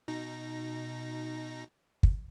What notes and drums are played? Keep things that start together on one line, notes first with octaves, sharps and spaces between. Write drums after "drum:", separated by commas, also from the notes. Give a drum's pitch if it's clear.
B2 D#4 A#6
drum: kick